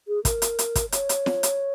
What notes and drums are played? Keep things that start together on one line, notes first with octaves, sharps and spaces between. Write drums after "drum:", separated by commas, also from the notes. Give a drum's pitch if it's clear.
G#4
A#4, drum: kick, hi-hat
drum: hi-hat
drum: hi-hat
drum: kick, hi-hat
C#5, drum: hi-hat
drum: hi-hat
drum: snare
drum: hi-hat